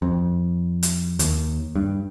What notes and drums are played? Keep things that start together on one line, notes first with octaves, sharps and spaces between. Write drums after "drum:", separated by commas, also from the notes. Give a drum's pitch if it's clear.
F2
drum: hi-hat
D#2, drum: hi-hat
G2